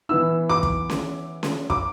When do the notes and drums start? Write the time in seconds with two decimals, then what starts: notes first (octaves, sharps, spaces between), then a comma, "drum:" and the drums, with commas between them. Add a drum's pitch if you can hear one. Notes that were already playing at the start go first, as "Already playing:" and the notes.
0.09 E3 B3 E4 E6
0.49 D6
0.63 drum: kick
0.90 drum: snare C#4
1.43 drum: snare C#4
1.70 D6, drum: kick